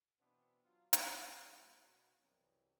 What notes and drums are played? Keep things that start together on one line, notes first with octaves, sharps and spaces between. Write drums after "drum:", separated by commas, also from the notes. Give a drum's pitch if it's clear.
B2 E3 B3 C4 D4
F#3 F4
drum: hi-hat
F3 G#3
A2 C#3 F#3 A#3
B2
C2 F#2 E3 C#4